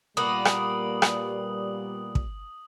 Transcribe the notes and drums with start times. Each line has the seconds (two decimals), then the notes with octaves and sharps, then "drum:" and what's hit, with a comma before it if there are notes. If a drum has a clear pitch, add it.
0.17 A#2 G3 A#3 B3 D#6 F#7
0.45 drum: rim click
1.02 drum: rim click
2.15 drum: kick